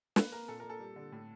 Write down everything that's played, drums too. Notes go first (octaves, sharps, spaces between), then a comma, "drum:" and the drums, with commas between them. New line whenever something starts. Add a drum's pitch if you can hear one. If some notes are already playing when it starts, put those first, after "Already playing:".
A#3 B4, drum: snare
A#3 A#4
A#2 A4
A#4
A#2
A4
G3
D3
A2